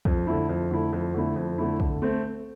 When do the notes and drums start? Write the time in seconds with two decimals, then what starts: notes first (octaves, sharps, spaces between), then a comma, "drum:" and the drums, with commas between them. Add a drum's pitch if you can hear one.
0.05 F2, drum: kick
0.27 D3 A3 E4
0.49 F2
0.71 D3 A3 E4
0.93 F2
1.14 D3 A3 E4
1.36 F2
1.58 D3 A3 E4
1.80 D3, drum: kick
2.02 A3 C4